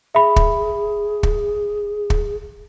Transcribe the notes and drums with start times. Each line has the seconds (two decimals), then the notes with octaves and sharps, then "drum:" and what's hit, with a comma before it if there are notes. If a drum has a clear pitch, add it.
0.15 G#4 E5 B5
0.36 drum: kick
1.23 drum: kick
2.10 drum: kick